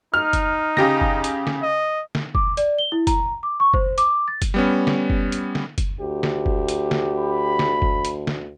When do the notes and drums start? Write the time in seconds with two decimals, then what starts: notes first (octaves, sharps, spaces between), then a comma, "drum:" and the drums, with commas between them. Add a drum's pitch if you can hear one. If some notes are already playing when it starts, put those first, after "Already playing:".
0.14 D#4 F6
0.33 drum: kick F#1, hi-hat
0.77 C#3 G4 A#6, drum: snare
1.01 drum: kick F#1
1.24 drum: hi-hat
1.47 drum: snare
1.62 D#5
2.15 drum: snare
2.35 D6, drum: kick F#1
2.57 D5, drum: hi-hat
2.78 G7
2.92 E4
3.07 A#5, drum: kick F#1, hi-hat
3.43 D6
3.60 C#6
3.74 C5, drum: kick F#1
3.98 D6, drum: hi-hat
4.28 A6
4.42 drum: kick F#1, hi-hat
4.54 G3 B3 C#4
4.87 drum: snare
5.10 drum: kick F#1
5.32 drum: hi-hat
5.55 drum: snare
5.78 drum: kick F#1, hi-hat
6.00 D2 G4
6.23 drum: snare
6.46 drum: kick F#1
6.68 drum: hi-hat
6.91 drum: snare
7.18 B5
7.59 drum: snare
7.82 drum: kick F#1
8.05 drum: hi-hat
8.27 drum: snare